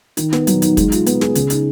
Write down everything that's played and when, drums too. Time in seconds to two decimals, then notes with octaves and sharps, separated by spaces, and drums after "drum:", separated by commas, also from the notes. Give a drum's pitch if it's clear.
0.17 D#3, drum: hi-hat
0.33 B3, drum: snare
0.47 F#3, drum: hi-hat
0.62 D#4, drum: hi-hat
0.77 G#3, drum: kick, hi-hat
0.92 F4, drum: hi-hat
1.06 B3, drum: hi-hat
1.21 G#4, drum: snare
1.35 C#3, drum: hi-hat
1.50 D#4, drum: hi-hat